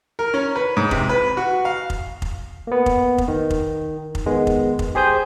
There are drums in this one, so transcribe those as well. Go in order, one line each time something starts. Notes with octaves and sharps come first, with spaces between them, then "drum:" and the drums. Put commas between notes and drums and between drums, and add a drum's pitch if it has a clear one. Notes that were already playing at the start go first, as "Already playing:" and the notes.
A#4
C#4
B4
G#2
C3, drum: kick F1
B4
F#4
F5
drum: kick F1
drum: kick F1
A#3 B3
drum: kick F1
drum: kick F1
D#3
drum: kick F1
drum: kick F1
D#3 G#3 B3
drum: kick F1
drum: kick F1
G4 G#4 C5 D#6 G6